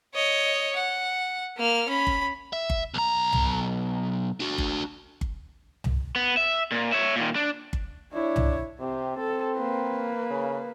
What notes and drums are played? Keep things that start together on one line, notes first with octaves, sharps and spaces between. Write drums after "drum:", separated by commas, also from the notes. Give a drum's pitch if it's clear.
C#5 D#5
F#5
A#3 F6
C#4 B5
drum: kick G1
E5
drum: kick G1
B1 A#5
drum: tom C2
D4 F#4
drum: kick G1
drum: kick G1
drum: tom C2
B3
E5
A#2
C#5 E5
A#2 D#3
D4
drum: kick G1
D4 E4 C#5
drum: tom C2
C3 C4 G4
C4 A4
A#3 B4
C#3